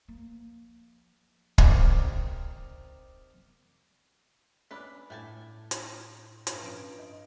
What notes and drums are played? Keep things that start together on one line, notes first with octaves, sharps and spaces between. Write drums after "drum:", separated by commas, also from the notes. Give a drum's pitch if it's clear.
F3 A#3
C3 D4 D#4 G4 A#4, drum: kick
C#4 D4 B4 D6 B6
A2 A3 G#5 A5
drum: hi-hat
G2 D7, drum: hi-hat
F3 C#4 D7
D#5